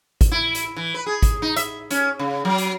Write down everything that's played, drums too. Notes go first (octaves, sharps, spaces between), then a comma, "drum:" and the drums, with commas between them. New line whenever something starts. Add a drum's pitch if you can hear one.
drum: kick, hi-hat
E4
drum: hi-hat
E3
B4
G#4
drum: kick, hi-hat
D#4
E5, drum: hi-hat
C#4, drum: hi-hat
C#3
F#3
drum: hi-hat